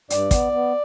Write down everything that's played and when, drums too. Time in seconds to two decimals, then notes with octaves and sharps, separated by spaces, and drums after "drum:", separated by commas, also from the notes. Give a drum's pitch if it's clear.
0.10 G2 D5, drum: hi-hat
0.31 B3, drum: kick, hi-hat
0.52 B3